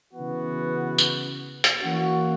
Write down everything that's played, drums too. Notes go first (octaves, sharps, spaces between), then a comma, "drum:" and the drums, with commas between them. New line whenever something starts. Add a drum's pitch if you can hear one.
C#3 E3 B3 F#4
drum: tambourine
drum: hi-hat
E3 A#3 C#4 F#4